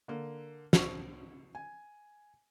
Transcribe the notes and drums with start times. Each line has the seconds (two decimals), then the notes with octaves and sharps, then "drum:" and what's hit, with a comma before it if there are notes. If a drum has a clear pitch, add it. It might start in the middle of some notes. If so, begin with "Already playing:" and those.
0.08 D3 A#3
0.73 C5 C#6, drum: snare
1.55 G#5